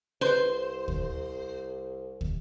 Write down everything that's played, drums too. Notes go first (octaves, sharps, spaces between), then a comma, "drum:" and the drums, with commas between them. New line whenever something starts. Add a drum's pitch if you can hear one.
C2 B4 C5
drum: kick
drum: kick